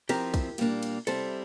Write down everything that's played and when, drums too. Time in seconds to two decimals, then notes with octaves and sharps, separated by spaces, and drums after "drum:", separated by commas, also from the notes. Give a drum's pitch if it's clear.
0.09 F3 C4 E4 G4 A#4, drum: cymbal
0.34 drum: kick, cymbal
0.58 A#2 G3 A#3 D4, drum: cymbal
0.83 drum: cymbal
1.07 C3 G3 C4 E4 A4 C5, drum: cymbal